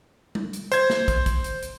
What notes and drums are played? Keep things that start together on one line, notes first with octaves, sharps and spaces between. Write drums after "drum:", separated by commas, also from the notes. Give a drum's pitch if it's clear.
drum: tom G3
drum: hi-hat
C5 G#6, drum: hi-hat
drum: snare
drum: kick, hi-hat
drum: kick, hi-hat
drum: hi-hat
drum: hi-hat